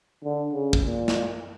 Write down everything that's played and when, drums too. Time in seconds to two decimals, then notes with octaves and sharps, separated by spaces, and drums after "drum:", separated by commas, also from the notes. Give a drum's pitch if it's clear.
0.24 D3
0.53 C#3
0.73 drum: kick
0.84 A#2
1.08 drum: snare